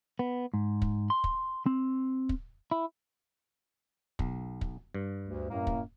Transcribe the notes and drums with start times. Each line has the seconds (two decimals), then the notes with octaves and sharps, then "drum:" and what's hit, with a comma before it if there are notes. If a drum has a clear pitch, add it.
0.19 B3
0.54 G#2
0.82 drum: kick
1.10 C6
1.24 drum: kick
1.66 C4
2.29 drum: kick
2.71 E4
4.19 B1, drum: kick
4.61 drum: kick
4.95 G2
5.28 D2
5.50 F#2 A2 A#3
5.67 drum: kick